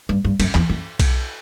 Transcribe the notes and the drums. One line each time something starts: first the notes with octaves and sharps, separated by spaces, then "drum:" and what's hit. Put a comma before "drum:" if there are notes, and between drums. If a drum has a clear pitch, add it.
G2
G2
F#2, drum: cymbal
E2, drum: clap
F#2
drum: kick B1, cymbal